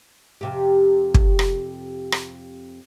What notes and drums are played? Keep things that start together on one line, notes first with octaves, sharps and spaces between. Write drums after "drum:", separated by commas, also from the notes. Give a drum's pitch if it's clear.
F2 C3 G4
drum: kick
drum: rim click
drum: rim click